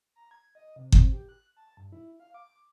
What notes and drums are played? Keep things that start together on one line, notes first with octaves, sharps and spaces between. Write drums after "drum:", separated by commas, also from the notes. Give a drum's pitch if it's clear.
A#5
G#6
D#5
C3
C4, drum: kick G1
G4
F#6
A5
G2
E4
F5
D6